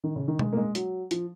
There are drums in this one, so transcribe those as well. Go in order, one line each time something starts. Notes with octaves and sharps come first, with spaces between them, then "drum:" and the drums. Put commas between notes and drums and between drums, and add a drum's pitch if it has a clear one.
D#3
C#3
D#3
G#3, drum: tom B2
A#3
G#3
F#3, drum: hi-hat
F3, drum: hi-hat